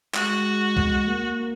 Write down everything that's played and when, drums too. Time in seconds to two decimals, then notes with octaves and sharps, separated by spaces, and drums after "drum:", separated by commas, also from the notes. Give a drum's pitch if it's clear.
0.14 G#3 F#4, drum: clap
0.77 drum: kick
1.07 A#3